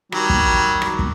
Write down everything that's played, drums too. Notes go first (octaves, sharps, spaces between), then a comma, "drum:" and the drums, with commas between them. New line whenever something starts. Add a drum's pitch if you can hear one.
D#3 F#3 G3, drum: rim click
drum: kick
drum: rim click
drum: kick